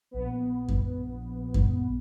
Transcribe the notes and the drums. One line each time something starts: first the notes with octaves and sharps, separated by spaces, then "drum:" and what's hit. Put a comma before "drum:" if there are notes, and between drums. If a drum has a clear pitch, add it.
A#1 B3
drum: kick F#2
drum: kick F#2